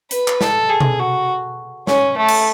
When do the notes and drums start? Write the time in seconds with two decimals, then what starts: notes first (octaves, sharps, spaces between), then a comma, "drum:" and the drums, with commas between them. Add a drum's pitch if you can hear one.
0.11 B4, drum: hi-hat
0.28 drum: clap
0.41 A4, drum: snare
0.69 G#4
0.80 drum: tom B2
0.99 F#4
1.87 C#4, drum: snare
2.17 A3
2.28 drum: cymbal